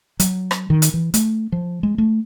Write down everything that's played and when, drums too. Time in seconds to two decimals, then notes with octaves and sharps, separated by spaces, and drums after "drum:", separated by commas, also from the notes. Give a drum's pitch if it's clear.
0.20 F#3, drum: hi-hat
0.51 drum: rim click
0.70 D#3
0.82 drum: hi-hat
0.94 E3
1.14 A3, drum: hi-hat
1.52 F3
1.83 G#3
1.98 A3